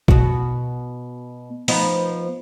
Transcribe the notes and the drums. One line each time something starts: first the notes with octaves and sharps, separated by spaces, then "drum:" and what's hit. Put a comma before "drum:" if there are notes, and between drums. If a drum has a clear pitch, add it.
B2 F#4, drum: kick
F3 B3 D#4, drum: open hi-hat